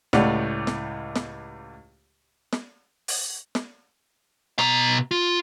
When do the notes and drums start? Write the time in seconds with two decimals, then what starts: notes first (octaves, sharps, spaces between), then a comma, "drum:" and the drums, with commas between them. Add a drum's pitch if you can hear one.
0.13 C#2 A2 G4 D5 F#5, drum: snare
0.67 drum: snare
1.16 drum: snare
2.53 drum: snare
3.08 drum: open hi-hat
3.55 drum: snare
4.59 B2 A#5, drum: rim click
5.11 F4